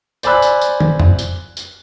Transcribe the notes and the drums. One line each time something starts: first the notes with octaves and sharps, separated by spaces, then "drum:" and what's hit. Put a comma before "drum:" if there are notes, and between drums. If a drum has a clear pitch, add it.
C5 D5 G#5 B5 E6 F#6, drum: tambourine
drum: tambourine
drum: tambourine
drum: tom
drum: tom
drum: tambourine
drum: tambourine